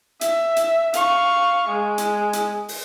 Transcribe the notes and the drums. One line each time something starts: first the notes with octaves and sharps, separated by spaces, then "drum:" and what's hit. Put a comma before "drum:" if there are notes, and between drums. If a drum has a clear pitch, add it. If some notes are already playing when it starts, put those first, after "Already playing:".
E5, drum: hi-hat
drum: hi-hat
F5 C#6, drum: hi-hat
G#3
drum: hi-hat
drum: hi-hat
drum: open hi-hat